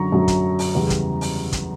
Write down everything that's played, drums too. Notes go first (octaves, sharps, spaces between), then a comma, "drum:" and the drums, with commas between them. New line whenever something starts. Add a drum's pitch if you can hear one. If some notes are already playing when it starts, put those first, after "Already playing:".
Already playing: F#2 D3 F#3 A#5 C#6
F#2 D3 F#3
drum: kick, hi-hat
drum: open hi-hat
E2 C#3 G3
drum: kick, hi-hat
drum: open hi-hat
drum: kick, hi-hat